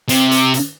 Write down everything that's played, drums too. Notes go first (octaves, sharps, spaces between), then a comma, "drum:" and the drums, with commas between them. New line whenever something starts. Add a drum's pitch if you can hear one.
C3, drum: hi-hat
drum: hi-hat
drum: hi-hat